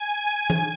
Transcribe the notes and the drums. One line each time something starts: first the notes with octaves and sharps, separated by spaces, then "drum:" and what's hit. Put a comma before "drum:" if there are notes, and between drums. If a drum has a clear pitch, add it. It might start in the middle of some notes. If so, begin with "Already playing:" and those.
Already playing: G#5
drum: tom E3